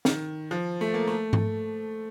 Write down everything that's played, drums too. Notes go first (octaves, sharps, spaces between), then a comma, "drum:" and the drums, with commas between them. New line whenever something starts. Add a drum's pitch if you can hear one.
D#3, drum: snare
F3
A3
A#3
A3
drum: tom G#2